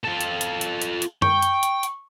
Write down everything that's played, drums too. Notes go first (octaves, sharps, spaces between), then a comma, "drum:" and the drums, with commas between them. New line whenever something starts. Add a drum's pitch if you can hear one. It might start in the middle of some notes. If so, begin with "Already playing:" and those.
F4 A4
drum: hi-hat
drum: hi-hat
drum: hi-hat
drum: hi-hat
drum: hi-hat
G5 C#6, drum: tom F#2
drum: hi-hat
drum: hi-hat
drum: hi-hat